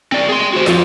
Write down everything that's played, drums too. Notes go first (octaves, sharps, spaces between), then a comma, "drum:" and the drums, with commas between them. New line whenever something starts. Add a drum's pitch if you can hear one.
C4 D5
G#4 C6
F#4 C5
F2 F3, drum: snare